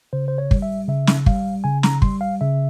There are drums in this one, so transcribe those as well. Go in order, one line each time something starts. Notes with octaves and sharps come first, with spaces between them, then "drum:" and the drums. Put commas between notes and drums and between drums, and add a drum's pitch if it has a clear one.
C#3 C5
C5
C#5
G3, drum: kick
E5
C#3 E5
drum: snare
G3 F5, drum: kick
C#3 G#5
A#5, drum: snare
G3 C6, drum: kick
F5
C#3 E5